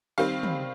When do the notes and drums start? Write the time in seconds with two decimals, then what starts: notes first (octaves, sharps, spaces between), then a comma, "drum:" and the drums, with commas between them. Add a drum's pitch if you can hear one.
0.18 D#3 G3 C4 F5
0.43 drum: tom